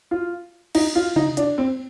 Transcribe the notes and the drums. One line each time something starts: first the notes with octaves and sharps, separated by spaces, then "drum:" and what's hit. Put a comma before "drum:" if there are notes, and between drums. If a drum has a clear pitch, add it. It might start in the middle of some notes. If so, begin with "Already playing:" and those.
F4
D#4, drum: cymbal
F4
D#4, drum: tom C3
D4, drum: hi-hat
C4